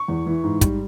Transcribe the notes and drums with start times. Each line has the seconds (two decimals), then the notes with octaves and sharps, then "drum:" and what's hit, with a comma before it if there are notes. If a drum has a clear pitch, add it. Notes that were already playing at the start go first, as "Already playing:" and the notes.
Already playing: C#6
0.08 E2
0.26 E3
0.44 G#2
0.61 G3, drum: kick, hi-hat